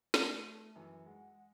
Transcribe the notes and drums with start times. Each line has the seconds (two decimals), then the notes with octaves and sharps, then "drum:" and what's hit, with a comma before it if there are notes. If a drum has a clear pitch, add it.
0.14 A3, drum: snare
0.75 F#2 E3
1.06 G#3 F#5